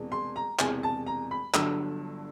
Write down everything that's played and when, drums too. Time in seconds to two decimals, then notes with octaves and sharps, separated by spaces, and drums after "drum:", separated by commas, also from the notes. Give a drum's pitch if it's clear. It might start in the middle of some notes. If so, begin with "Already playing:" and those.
Already playing: E1 E2 C3
0.12 C6
0.36 A#5
0.59 E1 E2 C3 G#5, drum: clap
0.83 A5
1.06 A#5
1.31 B5
1.54 G1 G2 D3 F#3 E6, drum: clap